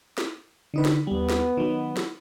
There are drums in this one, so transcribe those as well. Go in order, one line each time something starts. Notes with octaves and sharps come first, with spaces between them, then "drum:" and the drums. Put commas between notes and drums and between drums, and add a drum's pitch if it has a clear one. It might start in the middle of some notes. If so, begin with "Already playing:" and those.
drum: snare
D3 D#4 B4
drum: snare
D#2 G3 B3
drum: snare
D#3 F#3
drum: snare